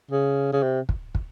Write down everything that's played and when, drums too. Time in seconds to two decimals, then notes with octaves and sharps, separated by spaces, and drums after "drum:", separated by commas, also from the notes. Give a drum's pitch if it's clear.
0.11 C#3
0.53 C#3
0.62 C3
0.89 drum: kick
1.15 drum: kick